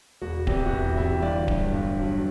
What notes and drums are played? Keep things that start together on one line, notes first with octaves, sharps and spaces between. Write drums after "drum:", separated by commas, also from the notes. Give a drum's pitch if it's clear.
E1 F#4
E2 C3, drum: kick D1
F#4
E1 E4
E2 C3 E4
G1 D5
G2 F#3, drum: kick D1
G1
G2 F#3